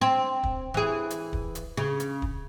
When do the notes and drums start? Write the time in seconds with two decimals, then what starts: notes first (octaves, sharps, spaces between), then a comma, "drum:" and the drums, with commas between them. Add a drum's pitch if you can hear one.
0.01 C4
0.43 drum: kick
0.74 E3 G#4
1.10 drum: hi-hat
1.33 drum: kick
1.55 drum: hi-hat
1.77 C#3
2.00 drum: hi-hat
2.22 drum: kick